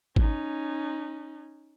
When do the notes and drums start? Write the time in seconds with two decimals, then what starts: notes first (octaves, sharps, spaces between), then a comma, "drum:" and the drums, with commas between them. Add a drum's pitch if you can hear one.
0.16 C#4 D#4, drum: kick